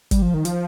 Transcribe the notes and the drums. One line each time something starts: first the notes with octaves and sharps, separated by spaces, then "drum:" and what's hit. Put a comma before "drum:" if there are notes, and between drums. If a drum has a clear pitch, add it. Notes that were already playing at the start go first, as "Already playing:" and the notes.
G3, drum: kick, hi-hat
F3
D#3
F3, drum: hi-hat